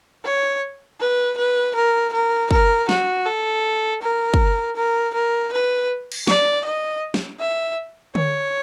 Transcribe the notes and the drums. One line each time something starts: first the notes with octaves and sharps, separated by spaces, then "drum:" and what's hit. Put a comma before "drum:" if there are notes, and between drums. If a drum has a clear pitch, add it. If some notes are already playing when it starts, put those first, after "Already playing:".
C#5
B4
B4
A#4
A#4
A#4, drum: kick
F#4, drum: snare
A4
A#4
drum: kick
A#4
A#4
B4
drum: cymbal
D5, drum: snare
D#5
drum: snare
E5
C#5, drum: tom D3